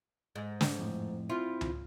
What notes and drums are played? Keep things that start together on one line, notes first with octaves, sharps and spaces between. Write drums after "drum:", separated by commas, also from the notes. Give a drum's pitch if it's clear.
G#2
drum: snare
F2 A2
C4 E4 F4
drum: tom C#2